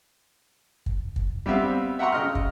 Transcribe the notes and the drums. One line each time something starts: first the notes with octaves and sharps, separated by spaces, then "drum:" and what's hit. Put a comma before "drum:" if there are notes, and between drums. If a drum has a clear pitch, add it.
drum: kick
drum: kick
G3 B3 C4 E5 F5
E5 F#5 G5 A#5 C6 C#6
C#3 D#5 F6
drum: kick